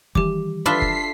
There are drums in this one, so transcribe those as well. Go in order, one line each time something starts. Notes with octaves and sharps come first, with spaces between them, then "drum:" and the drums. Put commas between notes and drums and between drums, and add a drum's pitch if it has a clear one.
D#3 E3 G3 G4 D6, drum: kick F1
D4 F4 A4 E5 B5 C6 B6 C7
drum: kick F1